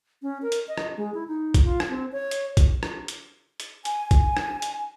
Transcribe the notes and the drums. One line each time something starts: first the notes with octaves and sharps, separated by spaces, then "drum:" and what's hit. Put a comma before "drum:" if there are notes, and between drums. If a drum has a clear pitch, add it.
C#4
A#4
drum: hi-hat
D#5
drum: rim click
G#3
E4
D#4
drum: kick, hi-hat
F4
drum: rim click
C4
C#5
drum: hi-hat
drum: kick, hi-hat
drum: rim click
drum: hi-hat
drum: hi-hat
G#5, drum: hi-hat
drum: kick, hi-hat
drum: rim click
drum: hi-hat